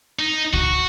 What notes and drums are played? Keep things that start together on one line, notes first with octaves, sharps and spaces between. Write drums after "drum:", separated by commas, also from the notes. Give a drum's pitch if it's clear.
D#4
F#4, drum: kick C#2